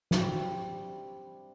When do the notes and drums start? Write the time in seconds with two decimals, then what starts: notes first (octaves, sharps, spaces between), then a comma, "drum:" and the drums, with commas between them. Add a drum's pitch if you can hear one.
0.11 G3 C4 D4 E4, drum: snare